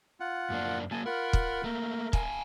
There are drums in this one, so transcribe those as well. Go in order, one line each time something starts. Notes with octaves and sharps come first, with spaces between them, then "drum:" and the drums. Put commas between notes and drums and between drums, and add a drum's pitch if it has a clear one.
F4 F#5
F#2 A#3 D4
F#3 A#3 G#4 G#5 A5
F4 A#4 F#5 B5
drum: kick
A3 A#3 A#4
F5 G#5 A5, drum: kick